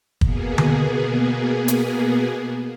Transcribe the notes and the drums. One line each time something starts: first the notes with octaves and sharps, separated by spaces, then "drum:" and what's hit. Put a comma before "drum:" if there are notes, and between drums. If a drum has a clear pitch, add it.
B2 A#3 B3 G#4, drum: kick
drum: tom D3
drum: hi-hat